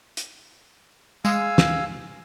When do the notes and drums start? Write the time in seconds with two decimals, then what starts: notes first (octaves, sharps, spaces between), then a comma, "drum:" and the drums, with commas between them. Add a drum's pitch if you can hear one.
0.17 drum: hi-hat
1.25 G#3 F5 G#5 E6, drum: tambourine
1.58 drum: snare